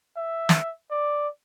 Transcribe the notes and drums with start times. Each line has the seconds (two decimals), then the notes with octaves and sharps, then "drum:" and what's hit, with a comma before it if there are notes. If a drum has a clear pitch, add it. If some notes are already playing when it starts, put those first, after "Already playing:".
0.17 E5
0.49 drum: snare
0.91 D5